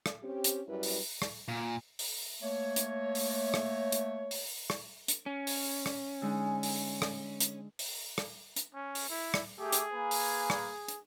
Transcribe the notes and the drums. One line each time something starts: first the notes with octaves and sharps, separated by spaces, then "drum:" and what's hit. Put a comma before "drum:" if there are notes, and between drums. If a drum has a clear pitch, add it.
drum: rim click
C4 C#4 G4
drum: hi-hat
F#2 G3 E4 B4
drum: open hi-hat
drum: rim click
A#2
drum: open hi-hat
A3 A#3 C#5
drum: hi-hat
drum: open hi-hat
drum: rim click
drum: hi-hat
drum: open hi-hat
drum: rim click
drum: hi-hat
C#4
drum: open hi-hat
drum: rim click
D3 G#3 D#4
drum: open hi-hat
drum: rim click
drum: hi-hat
drum: open hi-hat
drum: rim click
drum: hi-hat
C#4
drum: open hi-hat
E4
drum: rim click
A3 G4 G#4
drum: hi-hat
A#3 B4 G#5
drum: open hi-hat
drum: rim click
drum: hi-hat